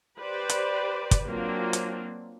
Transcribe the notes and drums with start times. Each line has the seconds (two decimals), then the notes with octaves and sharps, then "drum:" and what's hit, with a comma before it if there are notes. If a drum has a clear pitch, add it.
0.19 G4 B4 C5 D5
0.49 drum: hi-hat
1.11 drum: kick, hi-hat
1.27 F#3 A#3 C4 D4 F4
1.73 drum: hi-hat